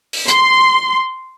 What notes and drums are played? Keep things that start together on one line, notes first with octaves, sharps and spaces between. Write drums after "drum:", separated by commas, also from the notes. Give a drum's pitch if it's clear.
drum: open hi-hat
C6, drum: hi-hat